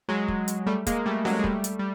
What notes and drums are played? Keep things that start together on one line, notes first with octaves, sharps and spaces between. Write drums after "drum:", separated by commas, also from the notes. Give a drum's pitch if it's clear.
F#3 G#3
drum: kick
drum: hi-hat
G3 A3
G#3 A#3, drum: kick, hi-hat
G3 A3
F#3 G#3, drum: snare C#4
G#3
G3 A3, drum: kick
drum: hi-hat
G3